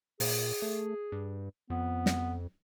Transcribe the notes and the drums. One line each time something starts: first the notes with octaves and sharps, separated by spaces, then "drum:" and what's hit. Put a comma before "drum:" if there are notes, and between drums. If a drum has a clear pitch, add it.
A#2 G#4, drum: open hi-hat
A3
G2
F2 B3
drum: snare